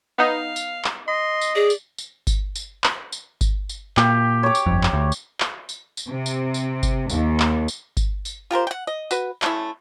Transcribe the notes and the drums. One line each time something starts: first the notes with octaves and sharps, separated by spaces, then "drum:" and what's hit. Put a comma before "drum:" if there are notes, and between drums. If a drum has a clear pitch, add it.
B3 D#4 F5
drum: tambourine
drum: clap
D#5 C6
drum: tambourine
G#4 D5
drum: tambourine
drum: tambourine
drum: kick G1, tambourine
drum: tambourine
drum: clap
drum: tambourine
drum: kick G1, tambourine
drum: tambourine
A#2 G4, drum: clap
C#5 D6
drum: tambourine
G1 F2
drum: clap
D2
drum: tambourine
drum: clap
drum: tambourine
drum: tambourine
C3
drum: tambourine
drum: tambourine
drum: kick G1, tambourine
D#2, drum: tambourine
drum: clap
drum: tambourine
drum: kick G1, tambourine
drum: tambourine
F4 G4 A#4 C5
F#5 G5
D#5
F#4 B4, drum: tambourine
A3 C#4 E4, drum: clap